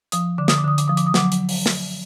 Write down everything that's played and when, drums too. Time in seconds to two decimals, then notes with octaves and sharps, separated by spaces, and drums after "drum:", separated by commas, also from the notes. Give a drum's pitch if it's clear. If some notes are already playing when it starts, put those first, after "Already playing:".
0.12 F3 D#6, drum: hi-hat
0.38 D3 D6
0.48 D#6, drum: snare
0.58 D6
0.64 D3 D#6
0.78 D6, drum: hi-hat
0.88 F3 D#6
0.97 D6, drum: hi-hat
1.06 D#6
1.14 F#3 D6, drum: snare
1.32 drum: hi-hat
1.49 drum: open hi-hat
1.66 drum: snare